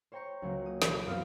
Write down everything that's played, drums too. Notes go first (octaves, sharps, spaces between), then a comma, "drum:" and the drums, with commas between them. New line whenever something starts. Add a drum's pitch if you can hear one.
C5 C#5 G5 A#5 C6 C#6
C#2 F#3 A#3
D#6
B2 E3, drum: snare
F#2 B3 C4 C5 F5